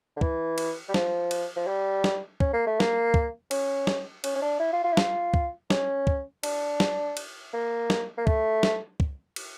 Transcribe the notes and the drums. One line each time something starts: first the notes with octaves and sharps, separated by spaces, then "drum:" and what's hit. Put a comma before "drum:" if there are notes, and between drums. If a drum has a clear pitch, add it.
D3
E3, drum: kick
drum: cymbal
G3
F3, drum: snare
drum: cymbal
F3
G3
drum: snare
C#4, drum: kick
A#3
A3
A#3, drum: snare
drum: kick
C#4, drum: cymbal
drum: snare
C#4, drum: cymbal
C#4
D4
E4
F4
F4
E4
F4, drum: snare
drum: kick
C#4, drum: snare
drum: kick
D4, drum: cymbal
drum: snare
drum: cymbal
A#3
drum: snare
A#3
A3, drum: kick
drum: snare
drum: kick
drum: cymbal